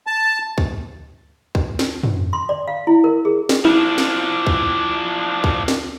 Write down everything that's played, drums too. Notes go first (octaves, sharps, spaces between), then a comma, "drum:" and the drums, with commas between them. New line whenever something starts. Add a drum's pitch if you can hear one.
A5
drum: kick
drum: kick
drum: snare
drum: tom
C6
D5
F5
E4
A#4
G#4
drum: snare
F3 D4 E4
drum: snare
drum: kick
drum: kick
drum: snare